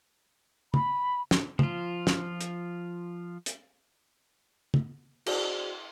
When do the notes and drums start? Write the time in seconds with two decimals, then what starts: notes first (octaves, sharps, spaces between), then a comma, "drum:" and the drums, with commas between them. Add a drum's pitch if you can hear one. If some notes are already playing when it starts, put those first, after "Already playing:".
0.74 B5, drum: tom
1.31 drum: snare
1.59 F3 F4, drum: tom
2.07 drum: snare
2.41 drum: hi-hat
3.46 drum: hi-hat
4.74 drum: tom
5.26 F#4 G#4 C5 D5, drum: cymbal